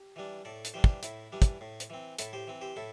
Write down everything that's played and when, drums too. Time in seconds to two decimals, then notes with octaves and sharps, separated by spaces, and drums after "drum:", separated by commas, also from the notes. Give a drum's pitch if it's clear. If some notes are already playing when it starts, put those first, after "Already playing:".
Already playing: G4
0.16 E3 G3 D4
0.45 A2 A4 D5
0.65 drum: hi-hat
0.74 E3 G3 D4 G4 C5
0.84 drum: kick
1.03 A2 E4, drum: hi-hat
1.32 E3 G3 D4
1.42 drum: kick, hi-hat
1.61 A2
1.80 drum: hi-hat
1.90 E3 C4
2.19 A2 E4 A4, drum: hi-hat
2.33 G4 C5
2.47 E3 C4
2.61 G4 C5
2.76 A2 E4 A4